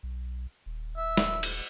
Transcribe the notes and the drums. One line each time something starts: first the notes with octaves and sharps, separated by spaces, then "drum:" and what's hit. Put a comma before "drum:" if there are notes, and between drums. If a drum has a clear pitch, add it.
B1
D#1
E5
drum: snare
drum: cymbal